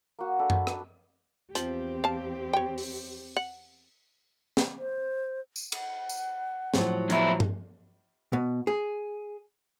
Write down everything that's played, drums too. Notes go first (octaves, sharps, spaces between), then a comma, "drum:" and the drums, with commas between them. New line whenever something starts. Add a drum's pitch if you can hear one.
A#3 F#4
D4 A4 B4
drum: tom F#2
drum: rim click
E2 F3 C4 G4, drum: hi-hat
F5 A5
C#5 G5
drum: open hi-hat
F#5
drum: snare
C5
drum: tambourine
F#5, drum: cymbal
drum: tambourine
A2 F3 F#3, drum: snare
F2 E4 A#5, drum: hi-hat
drum: tom G2
B2
G#4